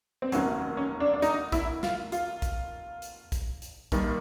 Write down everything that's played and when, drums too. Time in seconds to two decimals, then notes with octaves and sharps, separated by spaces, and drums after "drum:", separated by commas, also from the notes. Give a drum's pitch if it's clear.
0.22 C4
0.32 F1 D#2 D#3 F#3 C#4, drum: hi-hat
0.77 C#4
1.00 D4
1.13 D4
1.22 D#4, drum: hi-hat
1.52 E4, drum: kick, hi-hat
1.83 F4, drum: snare
2.12 F4, drum: hi-hat
2.42 drum: kick, hi-hat
3.02 drum: hi-hat
3.32 drum: kick, hi-hat
3.62 drum: hi-hat
3.92 D#2 D#3 G3, drum: kick, hi-hat